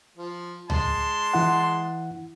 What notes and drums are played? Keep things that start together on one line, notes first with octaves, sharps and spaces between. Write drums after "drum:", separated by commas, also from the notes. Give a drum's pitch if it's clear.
F3
G#3 A5 C6, drum: tom C#2
E3 E4 F#5